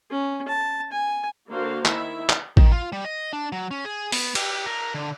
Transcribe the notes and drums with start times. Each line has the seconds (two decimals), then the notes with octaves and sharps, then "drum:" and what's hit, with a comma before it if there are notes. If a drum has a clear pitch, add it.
0.11 C#4
0.48 A5
0.92 G#5
1.49 D3 A#3 F#4 C5 F5
1.85 D#3 E4 E5, drum: clap
2.29 drum: clap
2.57 D#3, drum: kick
2.72 F4
2.92 G3
3.05 D#5
3.33 D4
3.52 F#3
3.71 C#4
3.85 G#4
4.12 B3, drum: open hi-hat
4.35 G4, drum: cymbal
4.66 A#4
4.95 D3